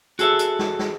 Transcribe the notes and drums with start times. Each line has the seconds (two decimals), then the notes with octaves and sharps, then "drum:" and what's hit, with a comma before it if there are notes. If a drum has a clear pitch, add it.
0.19 F#4 G#4 A4 C#5 E5, drum: hi-hat
0.39 drum: hi-hat
0.59 drum: snare
0.79 drum: snare